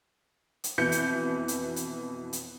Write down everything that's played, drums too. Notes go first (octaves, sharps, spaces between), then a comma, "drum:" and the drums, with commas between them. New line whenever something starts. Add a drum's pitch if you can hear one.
drum: hi-hat
F2 B2 E3 G6 C#7
drum: hi-hat
drum: hi-hat
drum: hi-hat
drum: hi-hat